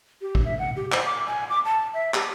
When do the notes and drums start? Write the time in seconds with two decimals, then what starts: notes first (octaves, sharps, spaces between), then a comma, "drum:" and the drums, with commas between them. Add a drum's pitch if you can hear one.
0.22 G4
0.35 drum: kick
0.45 E5
0.59 F#5
0.76 G4
0.92 C5, drum: clap
1.06 D6
1.28 G#5
1.50 D6
1.65 A5
1.94 E5
2.14 G4, drum: clap